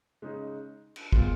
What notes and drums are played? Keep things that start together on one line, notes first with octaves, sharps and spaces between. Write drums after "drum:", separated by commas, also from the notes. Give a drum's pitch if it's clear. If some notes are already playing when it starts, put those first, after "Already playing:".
C#3 G#3 D#4
drum: cymbal
A#2 G#3 B3 F4, drum: kick